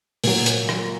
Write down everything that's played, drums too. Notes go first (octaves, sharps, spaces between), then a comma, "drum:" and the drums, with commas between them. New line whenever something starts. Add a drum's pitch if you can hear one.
A#2 F#3, drum: open hi-hat
drum: hi-hat
drum: rim click